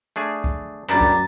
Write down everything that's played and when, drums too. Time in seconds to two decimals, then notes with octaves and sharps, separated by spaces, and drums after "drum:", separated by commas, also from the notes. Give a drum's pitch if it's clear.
0.16 A3 D4 G#4
0.44 drum: kick
0.89 A#1 F#2 G3 D4 G4 A#4 A#5 A6, drum: clap
1.01 drum: kick